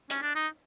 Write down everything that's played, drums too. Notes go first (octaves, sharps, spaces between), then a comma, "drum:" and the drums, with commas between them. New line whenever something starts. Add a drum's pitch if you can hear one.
C#4, drum: hi-hat
D4
D#4